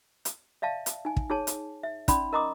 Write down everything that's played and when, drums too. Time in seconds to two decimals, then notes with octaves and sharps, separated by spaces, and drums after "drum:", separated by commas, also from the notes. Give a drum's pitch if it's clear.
0.25 drum: hi-hat
0.62 D5 E5 F5 A5
0.86 drum: hi-hat
1.05 D#4 G#5
1.17 drum: kick
1.30 D#4 G#4 C#5 A5
1.47 drum: hi-hat
1.83 E5
2.08 C#4 D#4 D5 B5 C6, drum: kick, hi-hat
2.33 A#4 D#5 A#5 C6 D6 D#6